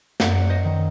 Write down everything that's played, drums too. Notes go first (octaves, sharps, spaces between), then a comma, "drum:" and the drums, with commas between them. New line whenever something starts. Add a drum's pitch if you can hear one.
F#2 D5 F#5, drum: snare
C5 D#5
D#3